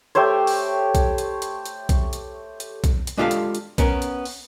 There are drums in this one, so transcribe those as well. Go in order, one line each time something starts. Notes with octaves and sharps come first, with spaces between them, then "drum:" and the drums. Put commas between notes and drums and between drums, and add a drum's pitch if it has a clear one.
A3 G4 C5 C#5
drum: open hi-hat
drum: kick B1, hi-hat
drum: hi-hat
drum: hi-hat
drum: hi-hat
drum: kick B1, hi-hat
drum: hi-hat
drum: hi-hat
drum: kick B1, hi-hat
drum: hi-hat
G#3 D4 F4 G4 A4 F5
drum: hi-hat
drum: hi-hat
B3 C#4 A#4, drum: kick B1, hi-hat
drum: hi-hat
drum: open hi-hat